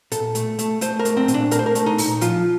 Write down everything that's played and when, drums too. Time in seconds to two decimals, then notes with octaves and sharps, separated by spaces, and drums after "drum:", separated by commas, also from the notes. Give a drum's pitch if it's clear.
0.12 A#2 A4, drum: hi-hat
0.35 A3, drum: hi-hat
0.59 A3, drum: hi-hat
0.81 A3 C5, drum: hi-hat
0.99 A#4
1.05 A3, drum: hi-hat
1.17 C4
1.28 A#2, drum: hi-hat
1.34 D4
1.51 A3 A#4, drum: hi-hat
1.59 C5
1.66 A#4
1.75 A3, drum: hi-hat
1.86 D#4
1.98 A#2, drum: open hi-hat
2.21 F3 F4, drum: hi-hat